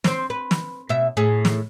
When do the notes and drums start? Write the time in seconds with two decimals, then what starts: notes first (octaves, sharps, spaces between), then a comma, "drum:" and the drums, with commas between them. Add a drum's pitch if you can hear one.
0.04 C4 C5, drum: snare
0.30 B4
0.51 drum: snare
0.89 B2 E5
1.17 A2 G#4
1.45 drum: snare